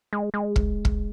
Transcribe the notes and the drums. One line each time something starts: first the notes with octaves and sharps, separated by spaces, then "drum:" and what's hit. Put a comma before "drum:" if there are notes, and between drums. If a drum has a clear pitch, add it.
G#3
G#3
drum: kick
drum: kick